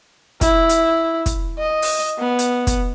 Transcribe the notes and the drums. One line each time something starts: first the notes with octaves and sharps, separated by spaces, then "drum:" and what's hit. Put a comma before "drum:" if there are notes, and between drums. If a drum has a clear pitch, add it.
E4, drum: kick, hi-hat
drum: hi-hat
drum: kick, hi-hat
D#5
drum: open hi-hat
B3
drum: hi-hat
drum: kick, hi-hat